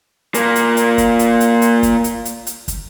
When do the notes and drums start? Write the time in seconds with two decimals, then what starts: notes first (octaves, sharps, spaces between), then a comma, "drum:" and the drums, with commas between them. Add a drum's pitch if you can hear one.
0.34 A#2 A#3, drum: hi-hat
0.56 drum: hi-hat
0.77 drum: hi-hat
0.98 drum: kick, hi-hat
1.19 drum: hi-hat
1.40 drum: hi-hat
1.62 drum: hi-hat
1.83 drum: kick, hi-hat
2.04 drum: hi-hat
2.25 drum: hi-hat
2.47 drum: hi-hat
2.68 drum: kick, hi-hat